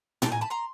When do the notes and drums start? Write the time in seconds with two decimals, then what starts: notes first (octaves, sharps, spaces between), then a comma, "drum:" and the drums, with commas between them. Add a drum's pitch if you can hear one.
0.22 G5 A5, drum: tom A2
0.32 G#5 A#5
0.41 A5 B5
0.50 A#5 C6